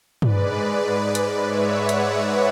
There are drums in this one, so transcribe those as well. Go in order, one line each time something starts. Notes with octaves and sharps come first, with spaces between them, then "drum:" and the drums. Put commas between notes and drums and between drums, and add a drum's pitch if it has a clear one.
G#2 G#3 B4 D5, drum: tom
drum: hi-hat
C#5 E5
D5 F#5
drum: hi-hat